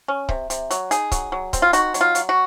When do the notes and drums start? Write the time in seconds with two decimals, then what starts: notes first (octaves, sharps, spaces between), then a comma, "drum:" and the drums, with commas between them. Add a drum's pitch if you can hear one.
0.08 C#4
0.29 C3, drum: kick C#1
0.50 C3, drum: hi-hat
0.71 F#3, drum: hi-hat
0.91 D#4 G#4, drum: hi-hat
1.12 F#3, drum: kick C#1, hi-hat
1.32 F#3
1.53 C4, drum: kick C#1, hi-hat
1.62 F4
1.73 D#4 F#4, drum: hi-hat
1.94 F#3, drum: hi-hat
2.01 F4
2.15 F#3, drum: hi-hat
2.29 F#4